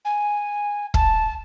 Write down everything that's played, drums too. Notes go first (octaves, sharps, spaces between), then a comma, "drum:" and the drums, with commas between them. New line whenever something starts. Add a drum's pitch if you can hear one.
G#5
A5, drum: kick